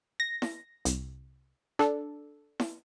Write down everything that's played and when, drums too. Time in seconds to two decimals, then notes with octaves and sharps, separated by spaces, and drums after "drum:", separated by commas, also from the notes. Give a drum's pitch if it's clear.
0.20 A#6
0.42 drum: snare E4
0.85 C2, drum: hi-hat
1.79 D4 A4, drum: rim click
2.60 drum: snare E4